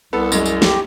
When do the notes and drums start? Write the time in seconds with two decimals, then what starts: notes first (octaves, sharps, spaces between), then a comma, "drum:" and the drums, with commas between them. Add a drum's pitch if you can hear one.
0.13 C2 B3 A4
0.32 F#2 G#3, drum: tambourine
0.46 drum: tambourine
0.62 G4, drum: snare